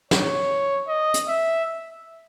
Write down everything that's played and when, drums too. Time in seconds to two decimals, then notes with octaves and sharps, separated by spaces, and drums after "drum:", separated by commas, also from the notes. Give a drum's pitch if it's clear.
0.11 C#5, drum: snare
0.88 D#5
1.14 drum: hi-hat
1.28 E5